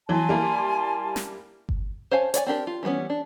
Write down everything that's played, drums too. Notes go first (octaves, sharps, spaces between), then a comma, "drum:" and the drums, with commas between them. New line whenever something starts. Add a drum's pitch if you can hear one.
E3 F#3 G#5 A5 C6
G3 A#3 E4
drum: snare
drum: kick G1
C5 C#5 F5 G#5 A5
C#5 D5 F5 G#5, drum: hi-hat
C4 D4 G4 A#4
F4
E3 G3 G#3 B3 C#4
D4